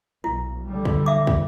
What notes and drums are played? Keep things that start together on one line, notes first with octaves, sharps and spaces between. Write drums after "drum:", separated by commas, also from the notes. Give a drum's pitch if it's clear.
B1 E4
D3 G3
drum: kick
E5 D6
drum: kick